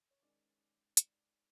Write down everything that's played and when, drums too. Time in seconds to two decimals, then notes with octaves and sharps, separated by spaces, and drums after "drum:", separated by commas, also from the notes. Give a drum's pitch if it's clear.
0.11 C#5
0.22 D#3 G#3 C#4 D5
0.97 drum: hi-hat